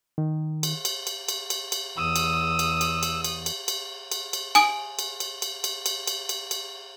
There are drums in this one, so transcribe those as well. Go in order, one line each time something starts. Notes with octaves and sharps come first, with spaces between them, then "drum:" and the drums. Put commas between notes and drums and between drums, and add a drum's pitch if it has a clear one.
D#3
drum: cymbal
drum: cymbal
drum: cymbal
drum: cymbal
drum: cymbal
drum: cymbal
E2 D#6 E6
drum: cymbal
drum: cymbal
drum: cymbal
drum: cymbal
drum: cymbal
drum: cymbal
drum: cymbal
drum: cymbal
drum: cymbal
G#5 D#6 D7, drum: cymbal
drum: cymbal
drum: cymbal
drum: cymbal
drum: cymbal
drum: cymbal
drum: cymbal
drum: cymbal
drum: cymbal